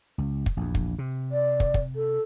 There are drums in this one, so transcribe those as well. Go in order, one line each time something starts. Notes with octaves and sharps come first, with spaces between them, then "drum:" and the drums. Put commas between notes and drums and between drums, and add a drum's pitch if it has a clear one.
C#2
drum: kick
A#1 E2
drum: kick
C3
D5
drum: kick
drum: kick
A4